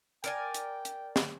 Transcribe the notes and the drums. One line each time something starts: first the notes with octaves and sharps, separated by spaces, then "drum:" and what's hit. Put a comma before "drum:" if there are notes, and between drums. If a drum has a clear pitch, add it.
A#4 D5 G5 G#5, drum: hi-hat
drum: hi-hat
drum: hi-hat
drum: snare